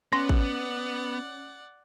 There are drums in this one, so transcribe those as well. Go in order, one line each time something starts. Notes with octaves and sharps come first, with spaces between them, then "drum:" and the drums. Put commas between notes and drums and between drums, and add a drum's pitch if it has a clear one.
B3 C#4 D5 F#5 C6 A#6
drum: kick